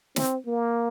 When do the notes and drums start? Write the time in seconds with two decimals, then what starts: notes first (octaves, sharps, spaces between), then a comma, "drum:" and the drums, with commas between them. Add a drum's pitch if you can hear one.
0.16 C4, drum: snare
0.46 A#3